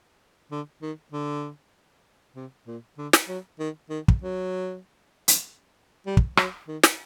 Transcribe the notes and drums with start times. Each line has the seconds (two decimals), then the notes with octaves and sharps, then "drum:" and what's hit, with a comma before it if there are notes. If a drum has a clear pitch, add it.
0.52 D3
0.82 D#3
1.12 D3
2.36 C3
2.67 A#2
2.98 D3
3.13 drum: snare
3.28 F#3
3.60 D#3
3.90 D#3
4.08 drum: kick
4.22 F#3
5.28 drum: hi-hat
6.07 G3
6.17 drum: kick
6.37 F#3, drum: rim click
6.68 D#3
6.84 drum: snare